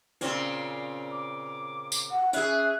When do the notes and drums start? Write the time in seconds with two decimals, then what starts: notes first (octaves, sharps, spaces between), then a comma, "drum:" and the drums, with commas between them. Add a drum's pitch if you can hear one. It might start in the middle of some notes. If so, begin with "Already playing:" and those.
0.21 A#2 C#3 C4, drum: hi-hat
1.11 D6
1.92 drum: tambourine
2.11 F#5
2.33 C#4 G#4 E5 F#6, drum: hi-hat